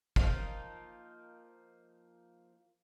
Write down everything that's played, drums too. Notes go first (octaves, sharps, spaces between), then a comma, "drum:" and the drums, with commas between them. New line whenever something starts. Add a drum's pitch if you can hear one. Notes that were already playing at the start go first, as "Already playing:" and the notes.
F3 A#3 D#4 F4, drum: kick